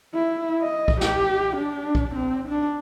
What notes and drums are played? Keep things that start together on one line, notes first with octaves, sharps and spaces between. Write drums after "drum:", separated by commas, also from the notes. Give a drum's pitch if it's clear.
E4
D#5
drum: kick
G4, drum: snare
D4
drum: kick
C4
D4